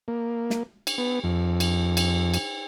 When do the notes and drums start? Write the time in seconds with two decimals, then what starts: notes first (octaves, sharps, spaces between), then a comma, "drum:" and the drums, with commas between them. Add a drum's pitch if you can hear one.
0.08 A#3
0.50 drum: snare
0.87 drum: cymbal
0.98 B3
1.24 F2
1.60 drum: cymbal
1.97 drum: cymbal
2.34 drum: cymbal